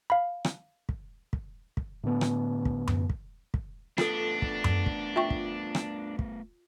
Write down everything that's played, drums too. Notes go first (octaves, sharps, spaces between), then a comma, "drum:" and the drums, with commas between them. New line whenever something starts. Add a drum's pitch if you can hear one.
F5 B5
drum: rim click
drum: kick
drum: kick
drum: kick
A2 D3 B3
drum: rim click
drum: kick
drum: tom F#2
drum: kick
drum: kick
A3 B3 D4 F4 A4, drum: rim click
drum: kick
drum: tom F#2
drum: kick
F4 E5 G5 C#6
drum: kick
drum: rim click
drum: kick